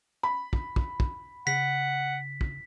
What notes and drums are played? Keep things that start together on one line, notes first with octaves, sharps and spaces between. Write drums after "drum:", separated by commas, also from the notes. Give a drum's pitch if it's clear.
B5
drum: kick
drum: kick
drum: kick
C#3 F#5 B6
drum: kick